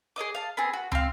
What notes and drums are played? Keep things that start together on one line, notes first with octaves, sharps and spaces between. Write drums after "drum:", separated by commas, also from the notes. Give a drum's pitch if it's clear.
G#4 C#5 D#5 D6
F5 A5
B3 C4 G#4
F#4
C4 F5, drum: tom